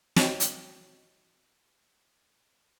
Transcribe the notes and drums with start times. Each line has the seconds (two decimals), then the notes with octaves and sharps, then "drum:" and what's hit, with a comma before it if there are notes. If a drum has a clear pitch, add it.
0.16 F#4 C#5 D#5 G5, drum: snare
0.40 drum: hi-hat